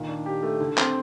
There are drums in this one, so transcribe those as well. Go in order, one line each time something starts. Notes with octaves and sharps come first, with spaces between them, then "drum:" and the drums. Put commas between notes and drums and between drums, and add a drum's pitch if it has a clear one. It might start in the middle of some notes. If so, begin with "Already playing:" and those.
Already playing: A#2 D#3
D4
G4
A3
D3
C4, drum: clap